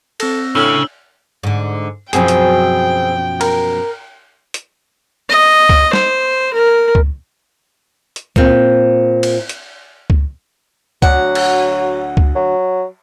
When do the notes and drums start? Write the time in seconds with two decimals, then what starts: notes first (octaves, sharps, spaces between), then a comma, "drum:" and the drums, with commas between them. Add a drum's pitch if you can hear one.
0.20 C4 A4 E6 A#6, drum: cymbal
0.55 A2 C#3 D4 E6 F6 F#7
1.43 G#2 D3
2.13 F#2 B2 F3 C4 G#4 G5, drum: hi-hat
2.28 drum: hi-hat
3.41 A#4, drum: cymbal
4.54 drum: hi-hat
5.30 D#5
5.69 drum: kick C#2
5.93 C5, drum: snare
6.54 A#4
6.95 drum: kick C#2
8.16 drum: hi-hat
8.36 A#2 C4, drum: kick C#2
9.23 drum: cymbal
9.49 drum: hi-hat
10.10 drum: kick C#2
11.02 D2 F#3 F#5, drum: kick C#2
11.35 drum: cymbal
12.17 drum: kick C#2
12.36 F#3